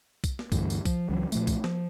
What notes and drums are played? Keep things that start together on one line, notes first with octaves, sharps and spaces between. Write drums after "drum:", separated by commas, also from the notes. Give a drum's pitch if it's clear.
drum: kick B1, tambourine
drum: snare
D2 G2 E3, drum: kick B1, tambourine
drum: tambourine
F3, drum: kick B1, tambourine
C#2 E3 F#3
A#2 F3 A3, drum: tambourine
drum: kick B1, tambourine
F3, drum: snare